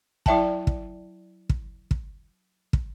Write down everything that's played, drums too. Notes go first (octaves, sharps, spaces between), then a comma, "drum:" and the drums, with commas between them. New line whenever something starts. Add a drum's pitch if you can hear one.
F#3 E4 D5 E5 G5 A5, drum: kick
drum: kick
drum: kick
drum: kick
drum: kick